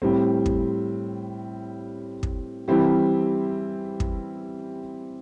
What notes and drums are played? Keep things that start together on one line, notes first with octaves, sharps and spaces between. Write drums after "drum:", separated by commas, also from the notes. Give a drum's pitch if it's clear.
A2 G3 C4
drum: kick
drum: kick
E3 G3 C4 E4 G4
drum: kick